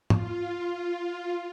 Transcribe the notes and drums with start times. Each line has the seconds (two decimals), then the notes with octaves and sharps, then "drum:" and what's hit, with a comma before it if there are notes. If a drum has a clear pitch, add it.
0.10 F4, drum: tom